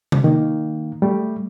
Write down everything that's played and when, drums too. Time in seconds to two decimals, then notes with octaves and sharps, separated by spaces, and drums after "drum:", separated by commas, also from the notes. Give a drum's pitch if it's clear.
0.12 drum: tom C3
0.24 D#3 A#3
1.02 G3 A3